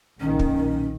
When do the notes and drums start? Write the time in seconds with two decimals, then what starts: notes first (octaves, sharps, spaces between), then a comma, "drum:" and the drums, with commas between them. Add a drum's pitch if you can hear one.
0.20 B1 A#2 D#3 C#4
0.39 drum: kick